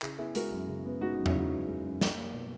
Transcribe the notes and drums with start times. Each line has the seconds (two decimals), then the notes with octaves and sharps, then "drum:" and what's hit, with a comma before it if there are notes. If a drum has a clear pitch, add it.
0.02 C#3 E4 G#4, drum: clap
0.19 B3 E4 G#4
0.35 G#3 F#4 A#4, drum: hi-hat
0.52 F#2
0.68 C#3
0.85 B3
1.01 G#3 D#4 F#4
1.14 D#4 F#4
1.18 F#2
1.26 C#4 E4, drum: tom E2
1.34 C#3 D#4 F#4
1.51 B3
1.67 G#3
1.84 F#2
2.01 A#3, drum: snare
2.17 A#3
2.34 B2